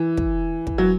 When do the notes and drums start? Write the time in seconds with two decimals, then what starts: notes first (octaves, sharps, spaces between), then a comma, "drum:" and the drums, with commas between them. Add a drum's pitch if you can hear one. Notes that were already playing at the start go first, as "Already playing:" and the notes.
Already playing: E3
0.17 drum: kick
0.67 drum: kick
0.78 F#3